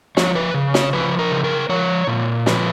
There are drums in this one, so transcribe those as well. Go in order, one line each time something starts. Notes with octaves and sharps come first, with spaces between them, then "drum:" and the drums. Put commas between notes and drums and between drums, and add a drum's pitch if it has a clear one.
F3 C#5, drum: snare
B4
C#3
C#5, drum: snare
F3 B4
A#4
C#3
A#4
F3 C#5
A#2
F3 B4, drum: snare